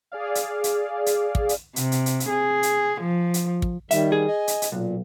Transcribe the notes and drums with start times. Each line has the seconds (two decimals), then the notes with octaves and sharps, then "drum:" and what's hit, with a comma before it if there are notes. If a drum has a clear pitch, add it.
0.12 G#4 D5 F5
0.35 drum: hi-hat
0.64 drum: hi-hat
1.06 drum: hi-hat
1.35 drum: kick
1.49 drum: hi-hat
1.76 C3, drum: hi-hat
1.92 drum: hi-hat
2.06 drum: hi-hat
2.20 drum: hi-hat
2.29 G#4
2.63 drum: hi-hat
3.01 F3
3.34 drum: hi-hat
3.62 drum: kick
3.91 D#3 G3 E5, drum: hi-hat
4.12 G#4
4.27 D#5 G#5
4.48 drum: hi-hat
4.62 drum: hi-hat
4.72 B1 A#2